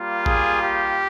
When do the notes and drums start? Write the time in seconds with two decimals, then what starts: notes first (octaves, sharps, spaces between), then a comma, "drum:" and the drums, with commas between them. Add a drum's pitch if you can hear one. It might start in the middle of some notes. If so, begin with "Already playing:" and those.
Already playing: G3 A#3 F4
0.26 G#4, drum: kick A1
0.62 G4